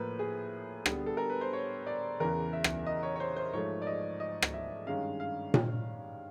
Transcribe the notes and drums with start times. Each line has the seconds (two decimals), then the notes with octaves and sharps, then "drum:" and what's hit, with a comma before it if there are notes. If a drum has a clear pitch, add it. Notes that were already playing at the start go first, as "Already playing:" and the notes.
Already playing: A2 F3 A#3 A#4 B4
0.19 G#4
0.86 D3 G3 B3, drum: rim click
1.06 A4
1.17 A#4
1.30 B4
1.41 C5
1.53 C#5
1.87 D5
2.20 E2 C#3 E3 A#4
2.53 E5
2.64 drum: rim click
2.86 D#5
3.03 C#5
3.16 C#5
3.20 C5
3.36 C5
3.53 G#2 F3 A3 C#5
3.82 D5
3.87 D#5
4.20 D#5
4.42 drum: rim click
4.54 E5
4.86 G2 D#3 G#3 C#4 F5
5.20 F5
5.54 drum: tom A#2